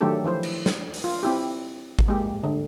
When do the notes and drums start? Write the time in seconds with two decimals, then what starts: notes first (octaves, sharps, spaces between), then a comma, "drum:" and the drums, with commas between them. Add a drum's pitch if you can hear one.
0.01 D#3 F#3 A3 D4 G4 A4
0.24 E3 F3 E4 C5
0.43 drum: cymbal
0.66 drum: snare
0.94 drum: open hi-hat
1.04 F4
1.23 C4 E4 G4
1.99 drum: kick G#1
2.08 G#3 A#3 G4
2.43 D3